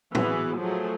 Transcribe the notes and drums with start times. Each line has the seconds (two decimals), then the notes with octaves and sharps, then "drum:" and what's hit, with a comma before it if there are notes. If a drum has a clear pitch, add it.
0.15 E3 B3 F#4 G#4, drum: tom
0.58 F3 F#3 A3 G#4